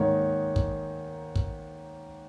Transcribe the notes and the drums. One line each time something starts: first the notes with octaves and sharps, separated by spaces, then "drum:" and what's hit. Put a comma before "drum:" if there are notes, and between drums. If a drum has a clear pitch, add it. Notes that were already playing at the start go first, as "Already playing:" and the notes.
Already playing: G#2 D#3 A#3 C#5
drum: kick
drum: kick